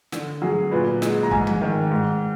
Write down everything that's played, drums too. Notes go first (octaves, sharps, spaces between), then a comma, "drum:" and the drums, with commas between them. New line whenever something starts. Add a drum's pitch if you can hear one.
D3, drum: snare
F#3 G#4
A#2 B4
G#3, drum: snare
A#5
G#2 G#5, drum: kick
drum: tom
D#3
G#2